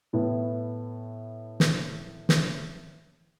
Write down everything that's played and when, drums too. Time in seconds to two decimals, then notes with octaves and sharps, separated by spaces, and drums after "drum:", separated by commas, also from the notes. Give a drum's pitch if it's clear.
0.13 A2 E3 B3 E4
1.60 drum: snare
2.29 drum: snare